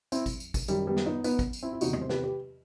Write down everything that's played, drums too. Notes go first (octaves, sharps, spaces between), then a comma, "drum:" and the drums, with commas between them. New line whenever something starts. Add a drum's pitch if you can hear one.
C4 E4, drum: tambourine
drum: kick G#1, tambourine
drum: tambourine
drum: kick G#1, tambourine
F#2 D#3 G3, drum: tambourine
G3 B3
drum: snare
B3 D#4
B3 D#4, drum: tambourine
drum: kick G#1, tambourine
drum: tambourine
C4 E4
E4
E2 C3 D#3 D#4 F#4, drum: tambourine
D#5, drum: tom C3
C5
G4 B4, drum: snare
G4 B4